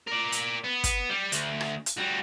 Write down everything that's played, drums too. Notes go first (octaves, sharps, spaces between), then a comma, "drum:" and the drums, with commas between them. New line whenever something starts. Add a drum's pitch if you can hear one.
A#4 D5
drum: hi-hat
B3
drum: kick, hi-hat
G3
D2, drum: hi-hat
drum: rim click
drum: hi-hat
G3 F#4